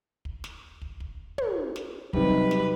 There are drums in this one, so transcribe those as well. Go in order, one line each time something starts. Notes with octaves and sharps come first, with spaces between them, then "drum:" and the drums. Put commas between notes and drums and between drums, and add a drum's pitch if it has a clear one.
drum: kick
drum: snare
drum: kick
drum: kick
drum: tom
drum: snare
C3 F#3 G3 D#4 B4, drum: kick
drum: snare